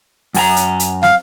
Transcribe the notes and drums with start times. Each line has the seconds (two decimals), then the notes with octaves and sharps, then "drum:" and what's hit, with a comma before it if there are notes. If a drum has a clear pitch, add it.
0.34 F#2 G#5 A#5, drum: open hi-hat
0.56 drum: hi-hat
0.80 drum: hi-hat
1.03 F5, drum: snare